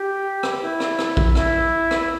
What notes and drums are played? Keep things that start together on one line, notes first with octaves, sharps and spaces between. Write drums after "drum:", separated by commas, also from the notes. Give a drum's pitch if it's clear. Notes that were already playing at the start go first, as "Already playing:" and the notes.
Already playing: G4
drum: rim click
E4
drum: rim click
drum: rim click
drum: kick A#1
E4, drum: rim click
drum: rim click
E4